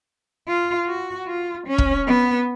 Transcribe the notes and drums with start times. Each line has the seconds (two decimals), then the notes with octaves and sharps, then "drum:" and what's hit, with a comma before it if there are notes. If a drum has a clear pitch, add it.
0.48 F4
0.88 F#4
1.27 F4
1.67 C#4
1.78 drum: kick
2.07 B3